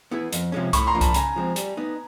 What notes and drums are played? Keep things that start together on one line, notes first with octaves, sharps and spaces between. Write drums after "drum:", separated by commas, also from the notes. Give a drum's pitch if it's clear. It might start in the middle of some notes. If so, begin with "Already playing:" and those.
B3 E4 G#4
F2, drum: hi-hat
C3 F3 G#3 C#4
A2 B5 C#6, drum: kick C2, hi-hat
A#5 C6
F3 A#3 D4 F4
A5 B5, drum: kick C2, hi-hat
C#3 G#5 A#5, drum: hi-hat
F3 G#3 C4
G3, drum: hi-hat
B3 D#4